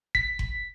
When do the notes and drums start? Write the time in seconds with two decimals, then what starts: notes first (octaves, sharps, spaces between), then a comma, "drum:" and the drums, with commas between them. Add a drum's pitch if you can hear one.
0.15 B6, drum: kick F#1
0.39 drum: kick F#1